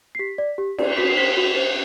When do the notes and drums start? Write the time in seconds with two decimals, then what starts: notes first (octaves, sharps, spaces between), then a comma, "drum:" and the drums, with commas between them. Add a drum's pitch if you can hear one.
0.15 C7
0.19 G4 B6
0.38 D5
0.58 G4
0.78 D5, drum: cymbal
0.97 F#4 B6
1.08 C7
1.17 C5 B6
1.37 F#4
1.56 C5